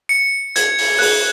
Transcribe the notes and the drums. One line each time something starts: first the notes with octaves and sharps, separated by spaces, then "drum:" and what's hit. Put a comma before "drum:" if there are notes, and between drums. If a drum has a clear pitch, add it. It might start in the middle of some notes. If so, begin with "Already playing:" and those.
C#7
G#6, drum: hi-hat
drum: open hi-hat
F#6, drum: open hi-hat